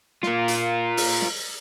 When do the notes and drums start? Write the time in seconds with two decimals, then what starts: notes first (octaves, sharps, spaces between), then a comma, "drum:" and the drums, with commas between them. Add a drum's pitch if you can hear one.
0.23 F4 A#4, drum: snare
0.48 drum: hi-hat
0.97 drum: open hi-hat
1.22 drum: snare